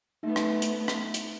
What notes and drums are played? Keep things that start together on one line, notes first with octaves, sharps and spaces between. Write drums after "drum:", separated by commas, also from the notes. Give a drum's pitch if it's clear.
A3 B3 D#4 E5
drum: rim click
drum: hi-hat
drum: rim click
drum: hi-hat